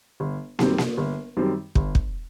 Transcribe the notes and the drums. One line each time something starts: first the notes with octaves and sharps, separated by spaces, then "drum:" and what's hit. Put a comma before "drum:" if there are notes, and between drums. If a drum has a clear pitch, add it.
G1
F#2 D#3 G3 C4, drum: snare
drum: snare
G1
F#2 D#3 G3 C4
G1, drum: kick
drum: kick